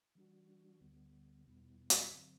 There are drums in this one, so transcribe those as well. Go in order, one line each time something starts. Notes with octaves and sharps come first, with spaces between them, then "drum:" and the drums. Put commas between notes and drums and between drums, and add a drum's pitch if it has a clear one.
E3 G3 D4 F#4
D2 D3 G3 B3
E2 B2 G3 B3 E4
drum: hi-hat
G2 D3 F#3 C4